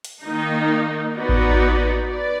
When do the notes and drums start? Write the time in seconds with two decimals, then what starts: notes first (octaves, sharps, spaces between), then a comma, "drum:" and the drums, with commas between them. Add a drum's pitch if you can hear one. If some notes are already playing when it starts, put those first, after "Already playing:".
0.04 drum: hi-hat
0.23 D#3 A#3 D#4
1.16 B3 D#4 F#4 B4 D5
1.29 drum: kick A1
2.09 B4 D5